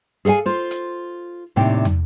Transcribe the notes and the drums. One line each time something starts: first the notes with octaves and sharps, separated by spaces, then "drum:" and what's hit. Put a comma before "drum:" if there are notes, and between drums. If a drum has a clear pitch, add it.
G#4 A4 C#5 F5 G#5
F4 C5
drum: hi-hat
D#2 A2 C3 D4 G5
drum: tom